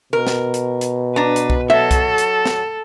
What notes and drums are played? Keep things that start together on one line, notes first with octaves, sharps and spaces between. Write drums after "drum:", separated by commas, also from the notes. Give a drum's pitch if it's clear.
B2 A#4
drum: snare
drum: hi-hat
drum: hi-hat
D4 B4 A#5
drum: hi-hat
drum: kick C2
F#3 A4 E5
drum: kick C2, hi-hat
drum: hi-hat
drum: snare